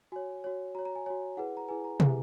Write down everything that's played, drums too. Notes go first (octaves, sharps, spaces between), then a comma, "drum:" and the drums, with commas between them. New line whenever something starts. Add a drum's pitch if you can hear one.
F#4 C#5 G#5
F#4 C#5
F#4 C#5 A#5
A#5
G#5
F#4 C#5 G#5
E4 G#4 B4 F#5
A#5
E4 G#4 B4 G#5
A#5
E4 G#4 B4 G#5, drum: tom C3